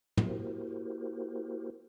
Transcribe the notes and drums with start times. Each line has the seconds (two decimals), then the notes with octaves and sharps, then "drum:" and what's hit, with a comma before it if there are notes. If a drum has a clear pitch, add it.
0.17 A#3 E4 F#4 G4 A#4 C5, drum: tom